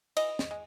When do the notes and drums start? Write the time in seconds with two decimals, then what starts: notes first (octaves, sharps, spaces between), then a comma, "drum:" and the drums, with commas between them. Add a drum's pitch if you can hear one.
0.17 E3 D#5, drum: cymbal
0.39 drum: snare
0.51 G#3